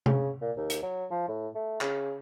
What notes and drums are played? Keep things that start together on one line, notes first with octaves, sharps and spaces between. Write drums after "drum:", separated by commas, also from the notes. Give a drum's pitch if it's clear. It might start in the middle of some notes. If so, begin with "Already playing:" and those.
C#3, drum: tom C3
A#2
D#2
drum: hi-hat
F#3
F3
A2
A3
C#3, drum: clap